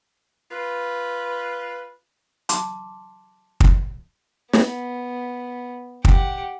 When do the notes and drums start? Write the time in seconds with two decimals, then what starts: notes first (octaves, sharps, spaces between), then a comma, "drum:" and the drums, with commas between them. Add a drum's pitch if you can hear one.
0.50 F4 B4
2.49 A5 C6 D6, drum: hi-hat
3.60 drum: kick
4.53 B3, drum: snare
6.05 G4 F#5, drum: kick